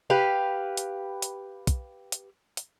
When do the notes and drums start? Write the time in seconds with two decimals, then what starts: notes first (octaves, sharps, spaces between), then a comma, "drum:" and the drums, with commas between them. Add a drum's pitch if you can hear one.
0.10 G4 B4 F5
0.77 drum: hi-hat
1.22 drum: hi-hat
1.67 drum: kick, hi-hat
2.12 drum: hi-hat
2.57 drum: hi-hat